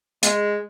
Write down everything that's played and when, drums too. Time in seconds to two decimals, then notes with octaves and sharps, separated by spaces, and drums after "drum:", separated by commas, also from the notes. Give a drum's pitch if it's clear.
0.23 G#3, drum: hi-hat